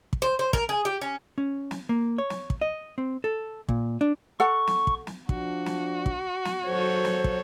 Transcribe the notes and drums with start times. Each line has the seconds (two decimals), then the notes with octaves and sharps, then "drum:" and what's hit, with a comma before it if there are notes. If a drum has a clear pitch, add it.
0.13 drum: kick
0.22 C5
0.39 C5
0.53 A#4, drum: kick
0.69 G#4
0.85 G4
1.02 C#4
1.38 C#4
1.71 drum: snare
1.89 A#3
2.18 C#5
2.30 drum: snare
2.50 drum: kick
2.61 D#5
2.98 C4
3.24 A4
3.69 A#2, drum: kick
4.01 D4
4.40 A4 F#5 C#6
4.67 drum: snare
4.87 drum: kick
5.07 drum: snare
5.29 F3 D4 F#4, drum: kick
5.66 drum: snare
6.06 drum: kick
6.45 drum: snare
6.66 G#1 D#2 A#2 F#3 A4 C5 C#5
7.05 drum: snare
7.24 drum: kick